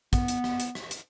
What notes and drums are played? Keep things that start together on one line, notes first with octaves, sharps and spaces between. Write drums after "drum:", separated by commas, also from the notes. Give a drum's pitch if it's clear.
B3, drum: kick, hi-hat
drum: hi-hat
drum: rim click
drum: hi-hat
drum: rim click
drum: hi-hat